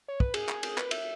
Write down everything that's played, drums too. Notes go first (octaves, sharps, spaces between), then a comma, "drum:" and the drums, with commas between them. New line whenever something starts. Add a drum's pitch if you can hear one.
C#5
B4, drum: kick
G#4, drum: cymbal
drum: clap
drum: cymbal
B4, drum: clap
E5, drum: cymbal